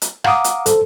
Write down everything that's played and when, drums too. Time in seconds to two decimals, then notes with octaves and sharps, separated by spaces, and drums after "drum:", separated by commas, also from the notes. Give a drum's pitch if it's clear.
0.02 drum: hi-hat
0.24 F5 F#5 A#5 D6 D#6, drum: rim click
0.44 drum: hi-hat
0.66 A4 C5, drum: hi-hat